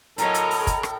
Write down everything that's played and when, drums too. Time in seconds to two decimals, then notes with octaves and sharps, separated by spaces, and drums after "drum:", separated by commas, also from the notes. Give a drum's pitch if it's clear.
0.18 A2 F#3 A4 A#4 C#5 D#5 A#5, drum: hi-hat
0.34 drum: hi-hat
0.51 drum: open hi-hat
0.67 drum: kick, hi-hat
0.83 drum: rim click